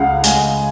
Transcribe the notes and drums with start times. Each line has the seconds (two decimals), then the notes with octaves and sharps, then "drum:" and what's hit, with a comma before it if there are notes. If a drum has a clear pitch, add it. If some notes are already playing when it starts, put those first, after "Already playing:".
Already playing: C#2 C#3 F5 F#5
0.23 G#3 G#5, drum: hi-hat